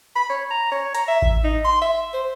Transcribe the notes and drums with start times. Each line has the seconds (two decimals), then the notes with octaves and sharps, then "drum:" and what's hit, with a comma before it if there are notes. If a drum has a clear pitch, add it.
0.16 B5
0.30 C#5
0.51 A#5
0.72 C#5
0.95 A#5, drum: hi-hat
1.08 E5
1.22 drum: kick A1
1.44 D#4
1.65 C6
1.82 E5
2.14 C5